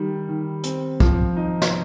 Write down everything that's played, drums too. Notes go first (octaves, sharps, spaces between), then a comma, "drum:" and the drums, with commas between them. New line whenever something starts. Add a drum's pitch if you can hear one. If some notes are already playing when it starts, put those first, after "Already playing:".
Already playing: D#3 G3
D#3
C4, drum: hi-hat
F3, drum: kick B1
D#4
drum: snare